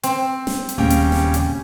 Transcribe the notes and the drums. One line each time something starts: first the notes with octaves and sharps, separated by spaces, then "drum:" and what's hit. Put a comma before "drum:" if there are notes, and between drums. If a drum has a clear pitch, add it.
C4, drum: hi-hat
drum: snare
drum: hi-hat
D#1 C#3 G3 A#3 C#4 G5
drum: hi-hat
drum: snare
drum: hi-hat